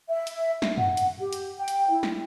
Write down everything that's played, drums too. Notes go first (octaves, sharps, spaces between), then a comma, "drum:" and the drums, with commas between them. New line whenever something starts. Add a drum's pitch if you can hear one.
E5
drum: hi-hat
drum: snare
F#5, drum: tom
drum: hi-hat
G4
drum: hi-hat
G5
drum: hi-hat
E4
drum: snare